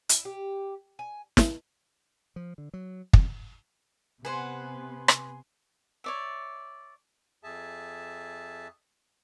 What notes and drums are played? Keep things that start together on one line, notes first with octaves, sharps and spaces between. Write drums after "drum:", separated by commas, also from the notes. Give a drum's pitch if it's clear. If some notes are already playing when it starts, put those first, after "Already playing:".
E4, drum: hi-hat
G4
G#5
drum: snare
F3
D3
F#3
F2, drum: kick
C3 B3 B4 C5 F#5 G#5 C6
drum: rim click
C#5 D5 E5
F2 G#4 E5 A5